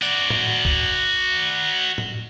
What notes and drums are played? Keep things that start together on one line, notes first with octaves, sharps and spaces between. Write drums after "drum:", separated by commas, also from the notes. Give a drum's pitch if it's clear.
F#4 D5, drum: tambourine
drum: tom A2
drum: kick C2
drum: tom A2